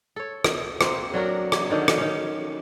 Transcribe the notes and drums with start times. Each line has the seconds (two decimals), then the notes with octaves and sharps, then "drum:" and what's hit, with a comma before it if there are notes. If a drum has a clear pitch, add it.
0.16 A4 C#5
0.44 drum: rim click
0.81 A#3 C4, drum: rim click
1.14 F#3 D4 F#4 A#4
1.52 drum: rim click
1.70 D3 D#3 C#4 D4
1.88 drum: rim click
1.98 D#3 C#4